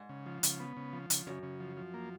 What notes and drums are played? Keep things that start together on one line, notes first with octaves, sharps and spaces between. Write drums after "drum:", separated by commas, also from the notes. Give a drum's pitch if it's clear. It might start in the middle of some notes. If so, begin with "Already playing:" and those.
Already playing: G#2
C#3
F3
C#3, drum: hi-hat
B3
C#3
F3
C#3, drum: hi-hat
F#2 C#3
C#3
F3
F3
A#3